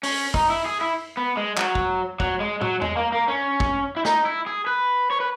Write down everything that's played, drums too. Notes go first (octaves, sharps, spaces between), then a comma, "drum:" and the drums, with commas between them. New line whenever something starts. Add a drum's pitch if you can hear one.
C#4, drum: open hi-hat
D#4, drum: kick
E4
G#4
E4
B3
G#3
F#3, drum: clap
drum: kick
F#3, drum: kick
G#3
F#3, drum: tom
G#3, drum: tom E2
A#3
A#3
C#4
drum: kick
E4
D#4, drum: snare
E4
G#4
B4
C#5
B4